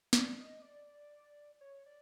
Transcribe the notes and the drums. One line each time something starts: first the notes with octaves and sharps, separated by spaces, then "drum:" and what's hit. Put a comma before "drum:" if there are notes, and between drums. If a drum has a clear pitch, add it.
D5, drum: snare
D#5
D5
C#5
D5